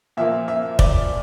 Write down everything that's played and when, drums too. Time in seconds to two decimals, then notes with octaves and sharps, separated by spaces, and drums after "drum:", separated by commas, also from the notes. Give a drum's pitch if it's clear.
0.17 A#2 F3 A#3 E5
0.48 E5
0.79 D5, drum: kick